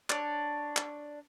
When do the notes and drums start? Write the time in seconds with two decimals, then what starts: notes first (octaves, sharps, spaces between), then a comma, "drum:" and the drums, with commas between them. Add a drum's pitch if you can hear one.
0.10 D4 C#5, drum: clap
0.77 drum: clap